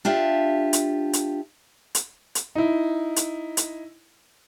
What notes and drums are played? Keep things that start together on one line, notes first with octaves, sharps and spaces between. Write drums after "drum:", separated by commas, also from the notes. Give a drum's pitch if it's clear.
D4 F4 G4 E5
drum: hi-hat
drum: hi-hat
drum: hi-hat
drum: hi-hat
D#4 E4
drum: hi-hat
drum: hi-hat